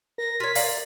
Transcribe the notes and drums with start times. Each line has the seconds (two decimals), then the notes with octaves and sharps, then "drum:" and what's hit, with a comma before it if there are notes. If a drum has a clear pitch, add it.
0.18 A#4 A#6
0.40 F4 C#5 B6
0.55 D5 F5 A#5, drum: open hi-hat